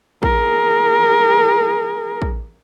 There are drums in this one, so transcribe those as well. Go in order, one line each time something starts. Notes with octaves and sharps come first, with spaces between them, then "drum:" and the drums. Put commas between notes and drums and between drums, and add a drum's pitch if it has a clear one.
G#4 A#4, drum: kick
drum: kick